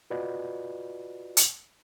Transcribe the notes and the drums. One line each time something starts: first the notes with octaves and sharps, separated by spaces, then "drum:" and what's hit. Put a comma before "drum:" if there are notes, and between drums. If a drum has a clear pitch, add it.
F4 F#4 B4 D5 D#5
drum: hi-hat